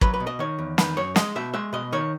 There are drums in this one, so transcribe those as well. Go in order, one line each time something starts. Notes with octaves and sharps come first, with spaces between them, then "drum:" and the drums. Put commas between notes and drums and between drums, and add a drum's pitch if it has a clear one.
F#3 B4, drum: kick
B4
B2
D#5
D#3 C#5
E2
D#3 B4, drum: snare
F#2 C#5
G#3 D#5, drum: snare
B2 E5
G#3 E5
B2 D#5
D#3 C#5